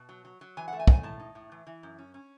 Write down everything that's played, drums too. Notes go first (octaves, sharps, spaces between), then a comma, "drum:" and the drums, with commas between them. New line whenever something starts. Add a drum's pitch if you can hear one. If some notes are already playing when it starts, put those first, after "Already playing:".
Already playing: B2 A5
F#3
F#3
F#3
E3 G#5
A3 F#5
G#5
A3, drum: kick
G#5
A2 A5
D#4
A2
E3
E3
F#2
C#4
C#4